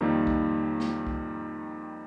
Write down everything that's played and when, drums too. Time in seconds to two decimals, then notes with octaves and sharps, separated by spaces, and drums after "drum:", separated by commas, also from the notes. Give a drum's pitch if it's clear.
0.01 F2 D#3 G3 A#3 D#4
0.27 drum: kick
0.80 drum: snare
1.07 drum: kick